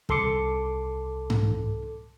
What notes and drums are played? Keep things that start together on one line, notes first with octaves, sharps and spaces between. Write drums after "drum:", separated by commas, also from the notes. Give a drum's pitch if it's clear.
C2 A4 C6 D6 C#7, drum: kick
drum: tom G#2